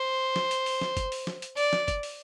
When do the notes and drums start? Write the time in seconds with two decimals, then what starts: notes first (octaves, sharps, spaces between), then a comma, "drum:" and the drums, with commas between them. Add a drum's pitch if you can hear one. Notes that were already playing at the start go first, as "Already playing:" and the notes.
Already playing: C5
0.36 drum: snare
0.51 drum: hi-hat
0.66 drum: open hi-hat
0.81 drum: snare
0.97 drum: kick, hi-hat
1.12 drum: open hi-hat
1.27 drum: snare
1.42 drum: hi-hat
1.57 D5, drum: open hi-hat
1.73 drum: snare
1.88 drum: kick, hi-hat
2.03 drum: open hi-hat